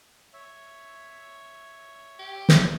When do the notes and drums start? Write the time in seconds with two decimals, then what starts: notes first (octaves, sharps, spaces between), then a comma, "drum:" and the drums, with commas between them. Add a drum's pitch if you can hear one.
0.33 C#5 E5
2.19 G4
2.49 drum: snare